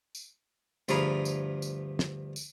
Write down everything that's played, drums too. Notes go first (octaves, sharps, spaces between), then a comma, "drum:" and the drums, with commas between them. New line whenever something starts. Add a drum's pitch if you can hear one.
drum: tambourine
D2 G2 F3 G#4 A#5 B5, drum: tambourine
drum: tambourine
drum: tambourine
drum: snare
drum: tambourine